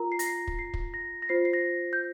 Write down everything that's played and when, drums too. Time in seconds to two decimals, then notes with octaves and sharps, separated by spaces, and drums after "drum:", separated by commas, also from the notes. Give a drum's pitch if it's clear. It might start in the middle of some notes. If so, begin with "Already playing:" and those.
Already playing: F4 A#4 A#5
0.12 C7
0.19 A#6, drum: hi-hat
0.26 C7
0.47 drum: kick
0.59 C7
0.74 drum: kick
0.94 A#6
1.22 A#6
1.29 F4 C5 C7
1.45 C7
1.53 A#6
1.93 G6